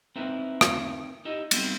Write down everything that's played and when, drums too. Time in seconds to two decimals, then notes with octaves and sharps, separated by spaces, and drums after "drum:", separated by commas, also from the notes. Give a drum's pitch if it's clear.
0.16 C4 D#4 E4 A#4 B4 E5
0.61 drum: rim click
1.25 D#4 E4 G4 D#5
1.51 G3 A3 B3 C4 D#4, drum: cymbal